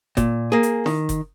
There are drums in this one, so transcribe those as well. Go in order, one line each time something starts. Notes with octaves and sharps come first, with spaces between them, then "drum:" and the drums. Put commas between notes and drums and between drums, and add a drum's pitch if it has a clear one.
A#2, drum: kick F#1, hi-hat
A#3 G#4
drum: hi-hat
D#3, drum: snare E4
drum: kick F#1, hi-hat